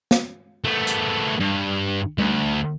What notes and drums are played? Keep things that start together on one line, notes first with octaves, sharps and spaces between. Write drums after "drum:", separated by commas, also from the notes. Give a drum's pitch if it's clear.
drum: snare
A3 B3
drum: hi-hat
G2
D2, drum: tom G3